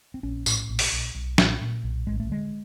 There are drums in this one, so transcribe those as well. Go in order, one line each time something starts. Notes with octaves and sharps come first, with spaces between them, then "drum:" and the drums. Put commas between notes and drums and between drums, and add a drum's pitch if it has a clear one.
C4
A#1 C#4
A2, drum: tambourine
A#1
drum: open hi-hat
A#1
B1
A#2, drum: snare
A#2
B1
A1 G#3
A3
D3 G#3